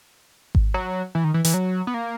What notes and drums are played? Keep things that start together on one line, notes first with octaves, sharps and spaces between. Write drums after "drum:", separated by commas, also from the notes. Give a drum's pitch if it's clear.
drum: kick G#1
F#3
E3
D#3
E3
E3, drum: hi-hat
F#3
B3
A#3